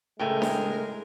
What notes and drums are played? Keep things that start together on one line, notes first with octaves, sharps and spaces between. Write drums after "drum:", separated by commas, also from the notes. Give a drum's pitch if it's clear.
C#2 A2 G#3 A3 A#4 G5 G#5
drum: snare D4